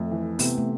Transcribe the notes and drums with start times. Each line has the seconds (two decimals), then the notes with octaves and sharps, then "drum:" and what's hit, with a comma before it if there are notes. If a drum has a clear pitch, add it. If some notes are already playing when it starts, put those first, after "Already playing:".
Already playing: F2 A3
0.11 E3
0.39 C3 B3, drum: open hi-hat
0.58 A3